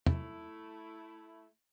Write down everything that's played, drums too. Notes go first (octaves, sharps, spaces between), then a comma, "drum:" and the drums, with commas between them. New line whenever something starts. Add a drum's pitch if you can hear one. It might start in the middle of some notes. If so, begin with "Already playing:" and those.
A3 E4, drum: tom E2